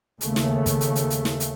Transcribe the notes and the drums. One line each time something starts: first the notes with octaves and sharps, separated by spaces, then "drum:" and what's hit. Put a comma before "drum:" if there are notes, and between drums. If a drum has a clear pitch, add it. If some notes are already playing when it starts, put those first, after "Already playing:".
D#2 C#3 A3, drum: hi-hat
drum: snare
drum: kick, hi-hat
drum: hi-hat
drum: hi-hat
drum: hi-hat
drum: snare
drum: hi-hat